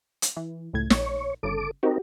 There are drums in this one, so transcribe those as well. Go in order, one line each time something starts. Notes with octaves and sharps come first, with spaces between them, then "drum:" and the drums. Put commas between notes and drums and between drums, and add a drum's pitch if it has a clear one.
drum: hi-hat
E3
C#2 A2 G#6
A#1 C#5, drum: snare
G1 C#3 A4 D6
C4 D#4 F#4 G4 A#4